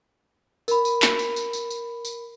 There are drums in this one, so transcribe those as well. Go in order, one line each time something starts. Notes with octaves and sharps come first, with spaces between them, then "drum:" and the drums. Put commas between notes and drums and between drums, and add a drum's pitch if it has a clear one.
A#4 B5, drum: tambourine
drum: tambourine
drum: clap
drum: tambourine
drum: tambourine
drum: tambourine
drum: tambourine
drum: tambourine